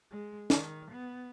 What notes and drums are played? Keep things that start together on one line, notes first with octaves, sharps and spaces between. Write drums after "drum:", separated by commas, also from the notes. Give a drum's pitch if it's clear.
G#3
D#3, drum: snare
B3